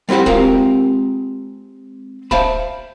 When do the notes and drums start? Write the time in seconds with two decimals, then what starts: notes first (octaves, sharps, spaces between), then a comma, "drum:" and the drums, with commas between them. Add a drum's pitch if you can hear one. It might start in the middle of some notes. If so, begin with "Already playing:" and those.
0.09 G3 C4 E4 F#4 G4
0.26 G#3 C4 F4 G4 A#4, drum: kick
2.31 C5 E5 F5 A5 B5, drum: kick